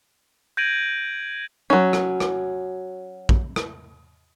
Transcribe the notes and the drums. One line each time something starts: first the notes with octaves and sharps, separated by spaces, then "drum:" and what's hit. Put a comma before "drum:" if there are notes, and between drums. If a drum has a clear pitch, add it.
G6 G#6 A#6 D7 D#7 F#7
F#3 C#4
drum: rim click
drum: rim click
drum: kick
drum: rim click